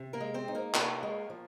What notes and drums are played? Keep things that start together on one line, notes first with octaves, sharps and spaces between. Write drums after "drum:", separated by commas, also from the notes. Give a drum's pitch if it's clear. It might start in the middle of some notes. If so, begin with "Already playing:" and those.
Already playing: C3
A#3 A#4
G#3
C4 C5
D#4
A#3 A#4
C3 A#3 A#4, drum: clap
G#3
F3